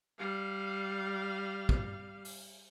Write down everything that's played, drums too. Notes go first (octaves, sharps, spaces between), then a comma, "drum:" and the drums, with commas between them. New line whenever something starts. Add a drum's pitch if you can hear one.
G3 F5
drum: kick
drum: open hi-hat